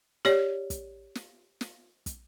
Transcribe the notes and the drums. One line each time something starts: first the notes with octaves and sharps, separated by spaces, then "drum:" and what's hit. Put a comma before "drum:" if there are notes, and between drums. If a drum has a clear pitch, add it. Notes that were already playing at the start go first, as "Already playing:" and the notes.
G4 C#5 D5, drum: snare
drum: kick, hi-hat
drum: snare
drum: snare
drum: kick, hi-hat